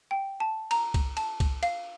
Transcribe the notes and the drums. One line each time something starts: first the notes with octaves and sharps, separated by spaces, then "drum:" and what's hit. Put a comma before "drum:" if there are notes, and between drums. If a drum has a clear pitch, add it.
G5
A5
A#5, drum: cymbal
drum: kick C2, cymbal
A5, drum: cymbal
drum: kick C2, cymbal
F5, drum: cymbal